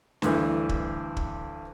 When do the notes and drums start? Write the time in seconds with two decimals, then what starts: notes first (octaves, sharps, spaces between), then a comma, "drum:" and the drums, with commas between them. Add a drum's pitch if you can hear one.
0.22 D2 G2 E3, drum: snare
0.69 drum: kick
1.17 drum: kick